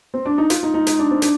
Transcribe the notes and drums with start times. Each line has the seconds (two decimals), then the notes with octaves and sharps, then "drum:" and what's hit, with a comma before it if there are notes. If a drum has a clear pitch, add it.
0.14 C4
0.26 D4
0.38 D#4
0.50 F4, drum: hi-hat
0.63 D#4
0.74 D#4
0.87 D#4, drum: hi-hat
0.99 D4
1.11 C4
1.22 D4, drum: hi-hat